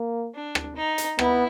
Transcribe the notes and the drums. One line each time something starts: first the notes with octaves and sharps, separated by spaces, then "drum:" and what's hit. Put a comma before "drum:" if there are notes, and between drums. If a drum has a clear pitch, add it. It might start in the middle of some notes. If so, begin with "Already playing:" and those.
Already playing: A#3
D4
drum: rim click
D#4
drum: hi-hat
B3 E4, drum: rim click